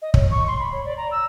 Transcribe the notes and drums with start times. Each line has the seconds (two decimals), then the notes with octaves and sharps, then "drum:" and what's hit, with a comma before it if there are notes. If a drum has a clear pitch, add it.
0.02 D#5
0.14 C#5, drum: kick
0.31 C#6
0.47 C6
0.59 B5
0.72 C#5
0.85 D5
0.97 A#5
1.11 E6